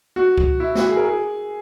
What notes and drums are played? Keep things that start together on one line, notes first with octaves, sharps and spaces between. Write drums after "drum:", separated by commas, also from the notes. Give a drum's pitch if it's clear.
F#4
drum: kick C#2
E4
F#4, drum: snare
G#4
A#4
G#4